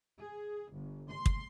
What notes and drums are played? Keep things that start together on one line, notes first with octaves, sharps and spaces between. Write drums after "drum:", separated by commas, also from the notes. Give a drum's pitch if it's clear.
G#4
G1
C6
drum: kick